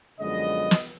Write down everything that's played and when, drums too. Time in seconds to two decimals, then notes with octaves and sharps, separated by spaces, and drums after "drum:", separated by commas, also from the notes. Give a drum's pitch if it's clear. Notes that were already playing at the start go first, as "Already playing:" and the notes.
0.20 F#2 D3 F3 G#3 B3 D#5
0.71 drum: snare